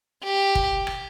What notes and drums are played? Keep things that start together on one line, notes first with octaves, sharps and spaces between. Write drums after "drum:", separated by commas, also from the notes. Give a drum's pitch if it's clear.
G4
drum: kick
drum: rim click